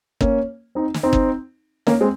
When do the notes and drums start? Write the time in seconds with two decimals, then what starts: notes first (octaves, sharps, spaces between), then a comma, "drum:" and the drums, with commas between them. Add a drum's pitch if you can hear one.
0.21 A#3 C#4, drum: kick
0.75 C4 D#4
0.94 drum: snare
1.03 C4 D#4
1.13 drum: kick
1.87 A#3 C#4, drum: snare
2.01 G#3 C4